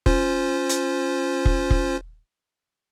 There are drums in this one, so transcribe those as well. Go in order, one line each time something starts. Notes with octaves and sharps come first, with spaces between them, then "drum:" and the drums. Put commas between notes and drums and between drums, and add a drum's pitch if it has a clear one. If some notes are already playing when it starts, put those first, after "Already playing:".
C#4 F4 C5, drum: kick F1
drum: hi-hat
drum: kick F1
drum: kick F1